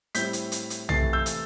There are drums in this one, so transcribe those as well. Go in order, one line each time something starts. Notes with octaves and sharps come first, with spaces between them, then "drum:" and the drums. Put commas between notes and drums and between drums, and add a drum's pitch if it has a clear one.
A2 G3 C4 E4 G6 B6, drum: hi-hat
drum: hi-hat
drum: hi-hat
drum: hi-hat
C3 E3 A3 A6 C7, drum: tom
E6 G6
drum: hi-hat